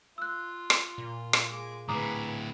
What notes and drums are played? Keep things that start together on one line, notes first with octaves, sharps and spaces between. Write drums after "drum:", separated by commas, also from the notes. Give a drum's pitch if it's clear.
F4 E6 F#6
drum: rim click
A#2
drum: rim click
G#3 D6
D2 A2 G#4 B4 A#5 D6 D#6